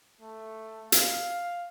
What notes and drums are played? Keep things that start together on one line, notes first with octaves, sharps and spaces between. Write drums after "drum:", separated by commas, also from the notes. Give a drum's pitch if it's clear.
A3
F5, drum: hi-hat